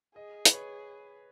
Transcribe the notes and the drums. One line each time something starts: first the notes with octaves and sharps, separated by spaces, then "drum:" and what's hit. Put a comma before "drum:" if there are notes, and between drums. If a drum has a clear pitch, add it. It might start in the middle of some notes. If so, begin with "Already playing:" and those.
G#4 D#5
B4, drum: hi-hat
C#5